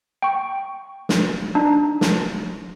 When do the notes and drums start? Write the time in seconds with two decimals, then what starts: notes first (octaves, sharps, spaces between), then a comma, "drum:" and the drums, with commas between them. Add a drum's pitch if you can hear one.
0.22 G5 C#6
1.09 drum: snare
1.55 D4 D#4
2.01 drum: snare